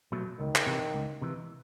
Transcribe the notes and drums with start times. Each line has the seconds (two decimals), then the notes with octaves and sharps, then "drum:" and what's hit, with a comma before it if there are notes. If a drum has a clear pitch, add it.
0.12 B2 F#3 A3
0.39 C#2 D#3
0.56 drum: clap
0.67 C3 E3
0.94 C#2
1.22 C3 E3